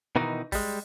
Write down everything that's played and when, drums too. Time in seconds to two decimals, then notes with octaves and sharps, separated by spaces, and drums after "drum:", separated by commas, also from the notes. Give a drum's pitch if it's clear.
0.16 B2 D#3 E3 D#4
0.52 G3 G#3, drum: kick, open hi-hat